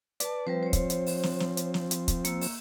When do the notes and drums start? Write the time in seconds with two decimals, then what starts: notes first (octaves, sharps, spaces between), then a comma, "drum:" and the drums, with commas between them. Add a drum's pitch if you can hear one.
0.20 B4 D5 A5, drum: hi-hat
0.47 F3 G3 C4 B4 C5
0.63 C5 C#5
0.73 drum: kick, hi-hat
0.90 drum: hi-hat
1.07 drum: open hi-hat
1.23 drum: snare
1.40 drum: snare
1.57 drum: hi-hat
1.74 drum: snare
1.91 drum: hi-hat
2.08 drum: kick, hi-hat
2.25 A#3 E6, drum: hi-hat
2.41 drum: open hi-hat